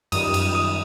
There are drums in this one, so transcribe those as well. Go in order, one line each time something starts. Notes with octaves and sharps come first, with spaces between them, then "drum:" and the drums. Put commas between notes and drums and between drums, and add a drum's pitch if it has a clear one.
F#2 D#3 G3 D#6, drum: cymbal
drum: cymbal
D#6